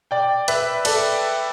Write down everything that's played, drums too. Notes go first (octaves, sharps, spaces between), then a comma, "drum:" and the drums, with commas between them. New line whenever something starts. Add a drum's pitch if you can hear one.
D5 G5
B4 E5, drum: hi-hat
A4 D5, drum: cymbal